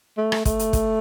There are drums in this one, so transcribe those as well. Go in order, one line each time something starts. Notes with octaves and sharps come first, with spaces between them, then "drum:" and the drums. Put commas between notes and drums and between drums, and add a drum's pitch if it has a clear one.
A3
drum: rim click
A3, drum: kick, hi-hat
drum: hi-hat
drum: kick, hi-hat